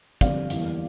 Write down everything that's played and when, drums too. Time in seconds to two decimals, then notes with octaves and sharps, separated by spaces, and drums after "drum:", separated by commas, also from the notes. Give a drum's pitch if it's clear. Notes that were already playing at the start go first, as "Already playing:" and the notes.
0.21 F2 D3 G3 C4 D5 F5, drum: kick, hi-hat
0.50 E2 E3 G3 A#3, drum: hi-hat